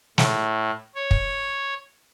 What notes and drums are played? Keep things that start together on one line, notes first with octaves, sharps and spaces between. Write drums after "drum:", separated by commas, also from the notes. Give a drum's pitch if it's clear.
A2, drum: snare
C#5
drum: kick